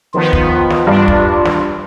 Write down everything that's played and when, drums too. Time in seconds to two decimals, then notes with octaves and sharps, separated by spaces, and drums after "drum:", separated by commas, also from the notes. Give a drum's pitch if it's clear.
0.14 D#3 F3 B3 F4
0.33 drum: kick
0.70 drum: snare
0.87 G2 D4
1.08 drum: kick
1.45 drum: snare